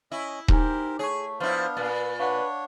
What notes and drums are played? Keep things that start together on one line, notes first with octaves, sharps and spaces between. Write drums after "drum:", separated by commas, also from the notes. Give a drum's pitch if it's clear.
C#4 E4 D#5 D#6
D#4 G4 A#4 C5 G#5, drum: kick D#1
A3 G#4 C#5 C#6
F3 B3 D4 E4 C5 F5
A#2 B4 A6
D4 B4 C#5 F5 F#5